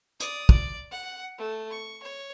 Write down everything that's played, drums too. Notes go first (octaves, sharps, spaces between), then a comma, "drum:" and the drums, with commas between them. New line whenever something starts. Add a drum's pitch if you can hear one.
D5 D#6, drum: hi-hat
D5, drum: kick
F#5
A3
C#6
C#5